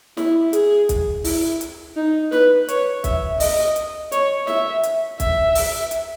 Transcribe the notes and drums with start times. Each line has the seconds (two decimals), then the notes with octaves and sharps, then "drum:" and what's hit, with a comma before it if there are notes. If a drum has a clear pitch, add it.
0.17 E4, drum: snare
0.53 G#4, drum: hi-hat
0.89 drum: kick B1, hi-hat
1.24 E4, drum: open hi-hat
1.61 drum: hi-hat
1.97 D#4
2.32 B4, drum: snare
2.68 C#5, drum: hi-hat
3.04 E5, drum: kick B1, hi-hat
3.40 D#5, drum: open hi-hat
3.76 drum: hi-hat
4.12 C#5, drum: hi-hat
4.47 E5, drum: snare
4.83 drum: hi-hat
5.20 E5, drum: kick B1, hi-hat
5.55 drum: open hi-hat
5.91 drum: hi-hat